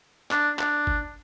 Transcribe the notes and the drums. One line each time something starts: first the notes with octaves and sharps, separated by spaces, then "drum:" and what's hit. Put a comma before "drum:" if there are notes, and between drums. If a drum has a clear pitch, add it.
D4, drum: clap
D4, drum: clap
drum: kick